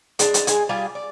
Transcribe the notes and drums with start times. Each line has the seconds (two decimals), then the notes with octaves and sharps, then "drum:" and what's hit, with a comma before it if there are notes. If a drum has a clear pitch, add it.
0.19 G#3 D4, drum: hi-hat
0.34 drum: hi-hat
0.47 G#3 G#5, drum: hi-hat
0.69 G3 F4 G4 G#4
0.95 D5